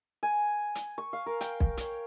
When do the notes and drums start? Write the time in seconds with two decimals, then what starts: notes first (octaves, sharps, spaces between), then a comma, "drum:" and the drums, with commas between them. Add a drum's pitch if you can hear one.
0.23 G#5
0.75 drum: hi-hat
0.98 C#6
1.13 F5
1.26 A#4
1.41 G5, drum: hi-hat
1.60 drum: kick B1
1.77 C#5, drum: hi-hat